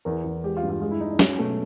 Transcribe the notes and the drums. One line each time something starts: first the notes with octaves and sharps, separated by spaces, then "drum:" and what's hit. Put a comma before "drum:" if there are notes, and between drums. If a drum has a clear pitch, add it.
E2 A#4
E2
G#3 G4
F4
G2
F4
G#3 F4
E4
G#3 D#4
D4
F#3 C#4, drum: snare
B2 A3